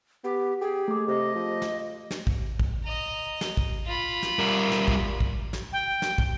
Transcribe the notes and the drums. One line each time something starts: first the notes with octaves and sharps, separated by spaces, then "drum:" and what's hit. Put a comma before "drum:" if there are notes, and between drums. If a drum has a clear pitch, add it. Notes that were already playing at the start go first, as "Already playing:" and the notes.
B3 G4
G4 G#4
A3 D6
C3 D#5
F3
drum: snare
drum: snare
drum: kick
drum: kick
D#5 A#5
drum: snare
drum: kick
F4 B5
drum: snare
G3 A#4
drum: snare
drum: kick
drum: kick
drum: snare
G5
drum: snare
drum: kick